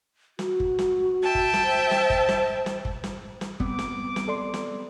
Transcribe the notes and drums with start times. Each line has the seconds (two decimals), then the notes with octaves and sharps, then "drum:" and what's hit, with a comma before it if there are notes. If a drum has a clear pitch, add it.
0.39 F#4, drum: snare
0.60 drum: kick
0.79 drum: snare
1.22 E5 G5 A5
1.35 drum: kick
1.54 drum: snare
1.63 C5
1.91 drum: snare
2.10 drum: kick
2.29 drum: snare
2.66 drum: snare
2.85 drum: kick
3.04 drum: snare
3.41 drum: snare
3.60 G3 B3 C4 D6, drum: kick
3.79 drum: snare
4.16 drum: snare
4.28 A4 D5 C6
4.54 drum: snare